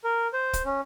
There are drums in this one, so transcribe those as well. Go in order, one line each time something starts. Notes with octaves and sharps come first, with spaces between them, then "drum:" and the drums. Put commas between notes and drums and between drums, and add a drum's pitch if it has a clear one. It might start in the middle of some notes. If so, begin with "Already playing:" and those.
A#4
C5
drum: kick, hi-hat
C#4